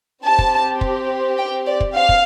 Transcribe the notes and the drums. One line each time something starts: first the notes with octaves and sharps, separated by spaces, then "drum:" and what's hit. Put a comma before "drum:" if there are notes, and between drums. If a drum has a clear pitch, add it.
C4 G4 A5
drum: kick
drum: kick
G5
D5
drum: kick
F5
drum: kick